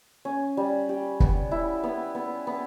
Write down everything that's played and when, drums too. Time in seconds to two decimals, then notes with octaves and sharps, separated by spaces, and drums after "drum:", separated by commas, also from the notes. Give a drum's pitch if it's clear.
0.25 C#4
0.57 G3
0.89 G4
1.20 B3, drum: kick
1.51 E4
1.84 B3
2.15 B3
2.47 B3